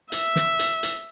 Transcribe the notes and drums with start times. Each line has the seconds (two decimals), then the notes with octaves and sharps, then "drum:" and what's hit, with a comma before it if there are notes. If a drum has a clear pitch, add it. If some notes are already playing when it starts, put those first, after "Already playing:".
0.12 E5, drum: hi-hat
0.36 drum: snare
0.59 drum: hi-hat
0.83 drum: hi-hat